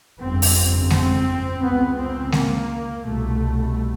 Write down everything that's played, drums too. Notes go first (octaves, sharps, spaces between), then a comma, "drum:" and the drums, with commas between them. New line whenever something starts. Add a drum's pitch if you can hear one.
G1 F2 C#3 C4
drum: open hi-hat
C4, drum: snare G#3
C#2 C#3 B3
C4
A#3, drum: snare G#3
C2 B2 A3